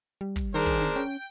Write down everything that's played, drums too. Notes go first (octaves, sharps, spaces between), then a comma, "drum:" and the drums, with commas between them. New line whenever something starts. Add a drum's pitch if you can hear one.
G3
drum: kick, hi-hat
D#3 D4 G#4 A#4 C5
drum: kick, hi-hat
drum: snare
C#4 G5